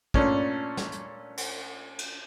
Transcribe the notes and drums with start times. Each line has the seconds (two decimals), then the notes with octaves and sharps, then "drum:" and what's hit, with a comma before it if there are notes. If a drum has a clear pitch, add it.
0.14 A#2 A3 C#4 D4, drum: kick
0.77 drum: snare
0.92 drum: hi-hat
1.38 drum: cymbal
1.99 drum: cymbal